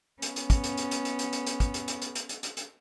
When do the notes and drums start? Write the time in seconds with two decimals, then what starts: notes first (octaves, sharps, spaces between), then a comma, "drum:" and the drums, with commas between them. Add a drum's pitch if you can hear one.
0.22 B3 C#4, drum: hi-hat
0.36 drum: hi-hat
0.50 drum: kick, hi-hat
0.64 drum: hi-hat
0.77 drum: hi-hat
0.91 drum: hi-hat
1.05 drum: hi-hat
1.19 drum: hi-hat
1.33 drum: hi-hat
1.46 drum: hi-hat
1.60 drum: kick, hi-hat
1.74 drum: hi-hat
1.88 drum: hi-hat
2.02 drum: hi-hat
2.15 drum: hi-hat
2.29 drum: hi-hat
2.43 drum: hi-hat
2.57 drum: hi-hat